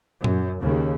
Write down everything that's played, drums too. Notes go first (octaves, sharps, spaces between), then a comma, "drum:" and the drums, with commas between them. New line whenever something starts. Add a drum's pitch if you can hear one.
F#2, drum: tom A#2
D#2 C#3